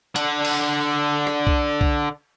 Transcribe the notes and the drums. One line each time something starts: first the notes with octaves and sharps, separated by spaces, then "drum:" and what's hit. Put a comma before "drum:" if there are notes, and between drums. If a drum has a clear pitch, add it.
D3 F#5, drum: hi-hat
drum: cymbal
drum: rim click
drum: kick
drum: kick